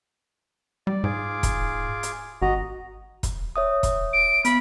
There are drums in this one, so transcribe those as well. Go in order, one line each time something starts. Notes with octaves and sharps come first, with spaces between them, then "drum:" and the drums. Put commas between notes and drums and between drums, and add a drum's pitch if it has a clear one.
G3 D5
G#2 F4 G#4 D6
drum: kick, hi-hat
drum: hi-hat
G#1 F#4 D#5 A#5
drum: kick, hi-hat
C#5 E5 D#6
drum: kick, hi-hat
D7
B3 B5, drum: hi-hat